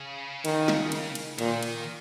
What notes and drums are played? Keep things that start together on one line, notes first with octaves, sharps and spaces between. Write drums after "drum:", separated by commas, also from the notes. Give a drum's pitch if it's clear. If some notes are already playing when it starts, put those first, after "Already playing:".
Already playing: C#3
D#3, drum: cymbal
drum: snare
drum: cymbal
drum: cymbal
A#2 D#3, drum: cymbal
drum: cymbal